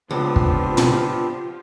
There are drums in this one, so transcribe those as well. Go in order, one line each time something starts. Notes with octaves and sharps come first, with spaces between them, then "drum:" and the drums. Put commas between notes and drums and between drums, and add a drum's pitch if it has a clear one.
C#2 F3 B3 C4 D4 F4 G4
drum: kick
drum: tom